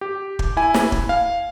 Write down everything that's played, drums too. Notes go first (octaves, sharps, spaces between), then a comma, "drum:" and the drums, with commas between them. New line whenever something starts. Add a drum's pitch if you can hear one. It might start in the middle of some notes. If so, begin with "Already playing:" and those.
G4
drum: kick
E4 G#5
drum: snare
drum: kick
F5